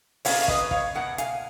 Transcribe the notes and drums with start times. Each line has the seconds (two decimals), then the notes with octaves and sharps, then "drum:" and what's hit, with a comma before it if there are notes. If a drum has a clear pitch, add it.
0.25 B2 A#3 C#4 C#5 F5, drum: open hi-hat
0.41 F5
0.48 B4 D#5, drum: kick
0.71 C#5 F5, drum: kick
0.95 B2 A#3 F#5
1.18 F5 G#5, drum: hi-hat